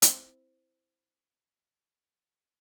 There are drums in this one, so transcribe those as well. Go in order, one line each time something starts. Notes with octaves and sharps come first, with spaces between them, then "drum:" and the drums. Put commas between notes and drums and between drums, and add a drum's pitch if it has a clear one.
C4 E4 C5, drum: hi-hat